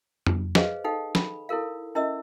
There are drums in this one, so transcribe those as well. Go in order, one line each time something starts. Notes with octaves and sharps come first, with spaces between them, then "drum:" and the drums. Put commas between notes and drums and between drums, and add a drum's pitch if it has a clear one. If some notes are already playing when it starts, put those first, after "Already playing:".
drum: tom F2
G#4 B4 C5 D#5 F5, drum: snare
D#4 A4 F5 G5
B5, drum: snare
E4 A4 A#4 F5
C#4 E4 A#4 D#5 E5 E6